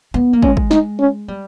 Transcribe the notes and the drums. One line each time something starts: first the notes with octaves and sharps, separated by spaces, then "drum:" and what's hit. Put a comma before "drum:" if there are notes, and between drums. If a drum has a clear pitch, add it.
B3
A#3
G#3 C#4, drum: kick
drum: kick
D#4, drum: snare
C#4
G3